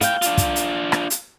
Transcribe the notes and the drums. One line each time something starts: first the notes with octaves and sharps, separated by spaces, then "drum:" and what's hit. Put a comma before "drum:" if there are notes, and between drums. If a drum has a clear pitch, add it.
A2 F5 G5, drum: hi-hat
D4 F4, drum: hi-hat
drum: kick, hi-hat
drum: hi-hat
drum: rim click
drum: hi-hat